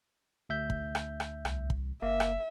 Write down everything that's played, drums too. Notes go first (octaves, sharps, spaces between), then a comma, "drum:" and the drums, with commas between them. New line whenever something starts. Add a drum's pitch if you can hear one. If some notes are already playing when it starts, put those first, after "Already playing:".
D2 E5 G6
drum: kick
drum: rim click
drum: rim click
C2, drum: rim click
drum: kick
F#1 A#3 E5
drum: rim click